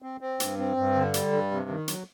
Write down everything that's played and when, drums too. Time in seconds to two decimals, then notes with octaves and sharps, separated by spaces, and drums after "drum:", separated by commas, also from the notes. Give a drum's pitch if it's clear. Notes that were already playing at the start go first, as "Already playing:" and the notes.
0.02 C4
0.21 C4
0.40 G2, drum: hi-hat
0.58 C4
0.77 G2
0.95 D3
1.14 G3, drum: hi-hat
1.32 G2
1.51 C3
1.69 D#3
1.88 F#3, drum: hi-hat